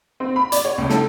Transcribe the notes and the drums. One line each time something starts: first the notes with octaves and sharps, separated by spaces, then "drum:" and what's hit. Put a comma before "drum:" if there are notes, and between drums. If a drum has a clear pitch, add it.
C4
B5
D5, drum: hi-hat
C#5
C#2
A4, drum: snare